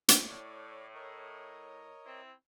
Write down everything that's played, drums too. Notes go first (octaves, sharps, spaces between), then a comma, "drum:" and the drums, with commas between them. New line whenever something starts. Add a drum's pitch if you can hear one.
drum: hi-hat
A2 C#5 D5
A#4 C#5 D#5
C4 E4